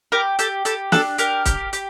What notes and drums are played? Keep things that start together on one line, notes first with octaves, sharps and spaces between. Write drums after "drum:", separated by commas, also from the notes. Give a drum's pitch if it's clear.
G4 A#4
G4 A4, drum: hi-hat
G4 A4, drum: hi-hat
D4 A4, drum: snare
G4 A#4, drum: hi-hat
G4, drum: kick, hi-hat
G4, drum: hi-hat